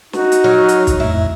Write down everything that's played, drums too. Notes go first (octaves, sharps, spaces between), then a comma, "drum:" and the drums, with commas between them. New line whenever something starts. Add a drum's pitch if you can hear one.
D#4 F#4, drum: snare
drum: hi-hat
F#3 F6
drum: hi-hat
drum: kick, hi-hat
F2 A2 A3 E4